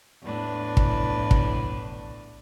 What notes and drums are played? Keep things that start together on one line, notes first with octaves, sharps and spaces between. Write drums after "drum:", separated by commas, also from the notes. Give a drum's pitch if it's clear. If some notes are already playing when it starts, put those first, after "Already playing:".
E2 A2 D4 B4
drum: kick
drum: kick